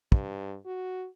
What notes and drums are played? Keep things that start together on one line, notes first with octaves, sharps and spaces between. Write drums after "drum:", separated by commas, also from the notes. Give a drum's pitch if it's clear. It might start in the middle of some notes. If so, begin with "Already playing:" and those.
G2, drum: kick
F#4